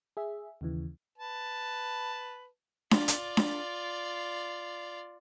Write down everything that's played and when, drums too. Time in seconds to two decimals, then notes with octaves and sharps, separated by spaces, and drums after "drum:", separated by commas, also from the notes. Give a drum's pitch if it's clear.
0.17 G#4 E5
0.61 D#2 C#3 E3
1.18 B4 A5
2.91 F4 D5, drum: snare D4
3.08 drum: hi-hat
3.37 drum: snare D4